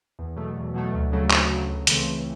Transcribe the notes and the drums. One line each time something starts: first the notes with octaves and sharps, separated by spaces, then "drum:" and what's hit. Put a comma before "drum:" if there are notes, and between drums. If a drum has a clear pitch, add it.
E2
B2 F#3 A3
E2
B2 F#3 A3
D2
C#3 F#3 A3
D2, drum: clap
C#3 F#3 A3
C#2
C#3 E3 A3 C4, drum: hi-hat
C#2